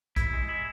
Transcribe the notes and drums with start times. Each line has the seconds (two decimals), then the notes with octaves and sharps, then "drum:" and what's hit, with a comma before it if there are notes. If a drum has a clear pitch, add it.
0.16 E4, drum: kick, hi-hat
0.33 G#3
0.49 E4